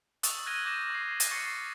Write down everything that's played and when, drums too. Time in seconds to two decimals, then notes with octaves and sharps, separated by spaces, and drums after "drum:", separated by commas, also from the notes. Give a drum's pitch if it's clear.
0.23 C#6 D#6 E6 A6 F7 F#7, drum: hi-hat
0.46 F6 F#6 G#6 A#6 D#7 G7
0.65 D6 G6 A#6 D#7 E7
0.90 C#6 C7
1.20 drum: hi-hat
1.31 C#6 A6 C7 C#7